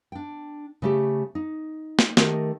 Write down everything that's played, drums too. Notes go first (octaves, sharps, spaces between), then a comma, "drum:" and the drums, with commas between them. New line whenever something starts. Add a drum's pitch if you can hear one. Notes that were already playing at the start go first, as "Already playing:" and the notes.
D4 G5
C#3 A3 G4
D#4
drum: snare
D#3 A3 E4 G4 A#4 D#5, drum: snare